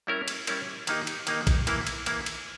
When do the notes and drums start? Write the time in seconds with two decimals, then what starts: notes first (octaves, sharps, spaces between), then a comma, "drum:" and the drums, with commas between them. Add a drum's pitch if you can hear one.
0.07 G3 C#4 E4 A#4
0.28 drum: cymbal
0.47 G3 C#4 E4 A#4, drum: cymbal
0.87 D#3 A#3 D#4 G4, drum: cymbal
1.07 drum: cymbal
1.27 D#3 A#3 D#4 G4, drum: cymbal
1.47 drum: kick, cymbal
1.67 E3 A#3 E4, drum: cymbal
1.87 drum: cymbal
2.06 E3 A#3 E4, drum: cymbal
2.26 drum: cymbal